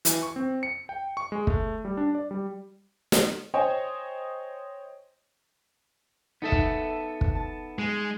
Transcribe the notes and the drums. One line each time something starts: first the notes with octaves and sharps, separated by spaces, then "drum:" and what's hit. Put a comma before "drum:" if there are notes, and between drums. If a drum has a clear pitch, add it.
E3, drum: hi-hat
C#6
C4
C#7
G5
C#6
G#3
A3, drum: kick
G3
D4
D5
G3
drum: snare
C5 C#5 D#5 G5 G#5
B3 D#4 A4 E5
drum: kick
drum: kick
A5
G#3